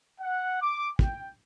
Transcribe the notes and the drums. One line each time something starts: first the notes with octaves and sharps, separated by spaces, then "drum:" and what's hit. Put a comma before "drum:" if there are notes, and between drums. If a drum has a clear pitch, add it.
F#5
D6
G5, drum: kick